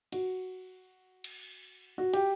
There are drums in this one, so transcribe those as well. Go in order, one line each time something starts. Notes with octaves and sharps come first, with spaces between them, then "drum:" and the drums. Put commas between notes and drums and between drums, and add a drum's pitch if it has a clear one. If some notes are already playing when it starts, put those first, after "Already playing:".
F#4, drum: cymbal
drum: cymbal
F#4
G4, drum: cymbal